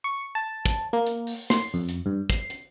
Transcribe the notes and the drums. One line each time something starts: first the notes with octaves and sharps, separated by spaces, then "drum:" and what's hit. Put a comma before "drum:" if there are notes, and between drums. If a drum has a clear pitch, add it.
C#6
A5
drum: kick, hi-hat
A#3
drum: hi-hat
drum: open hi-hat
C6, drum: snare
F2
drum: hi-hat
G2
C7, drum: kick, hi-hat
drum: hi-hat